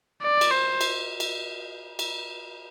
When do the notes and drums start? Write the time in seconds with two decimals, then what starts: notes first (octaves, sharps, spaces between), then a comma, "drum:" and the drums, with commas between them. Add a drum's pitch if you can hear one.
0.22 D5
0.41 drum: cymbal
0.51 C5
0.81 drum: cymbal
1.20 drum: cymbal
1.99 drum: cymbal